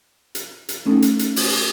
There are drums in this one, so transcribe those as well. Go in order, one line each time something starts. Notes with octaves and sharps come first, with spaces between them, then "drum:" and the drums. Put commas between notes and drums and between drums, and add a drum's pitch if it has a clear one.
drum: hi-hat
drum: hi-hat
A3 C#4 D#4 A4
drum: hi-hat
drum: hi-hat
drum: open hi-hat